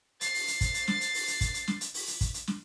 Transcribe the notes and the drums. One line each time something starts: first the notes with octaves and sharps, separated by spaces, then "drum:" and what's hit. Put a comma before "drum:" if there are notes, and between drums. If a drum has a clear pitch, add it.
A6 C7, drum: hi-hat
drum: open hi-hat
drum: hi-hat
drum: kick, hi-hat
drum: hi-hat
drum: snare
drum: hi-hat
drum: open hi-hat
drum: hi-hat
drum: kick, hi-hat
drum: hi-hat
drum: snare
drum: hi-hat
drum: open hi-hat
drum: hi-hat
drum: kick, hi-hat
drum: hi-hat
drum: snare